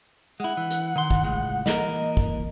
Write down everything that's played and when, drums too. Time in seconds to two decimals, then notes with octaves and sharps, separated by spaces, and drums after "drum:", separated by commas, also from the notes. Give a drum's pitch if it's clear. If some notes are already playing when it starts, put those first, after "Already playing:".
0.40 G#3 E4 F#5
0.57 E3
0.70 drum: hi-hat
0.96 D#3 C6
1.11 drum: kick
1.24 C#2 A2 G#3
1.66 E3 A#3 A#4 D#5, drum: snare
2.17 drum: kick